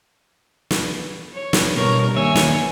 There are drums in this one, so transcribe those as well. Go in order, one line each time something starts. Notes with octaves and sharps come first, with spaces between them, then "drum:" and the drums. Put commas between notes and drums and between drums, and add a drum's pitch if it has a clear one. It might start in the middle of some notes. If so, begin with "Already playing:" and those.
drum: snare
C#5
drum: snare
G2 B2 A#4 C#5
D#2 C#5 E5 G#5
drum: snare